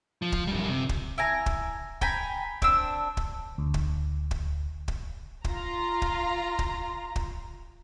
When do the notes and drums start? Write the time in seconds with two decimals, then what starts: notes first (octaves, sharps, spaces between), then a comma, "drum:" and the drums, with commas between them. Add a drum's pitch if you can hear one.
0.22 F3
0.32 drum: kick
0.47 F#2 G3
0.69 C3
0.89 drum: kick
1.18 E4 G#5 A#5
1.46 drum: kick
2.01 G5 G#5 A#5 B5, drum: kick
2.62 C4 D4 E6, drum: kick
3.17 drum: kick
3.58 D2
3.74 drum: kick
4.31 drum: kick
4.88 drum: kick
5.44 F4 A#5, drum: kick
6.02 drum: kick
6.59 drum: kick
7.16 drum: kick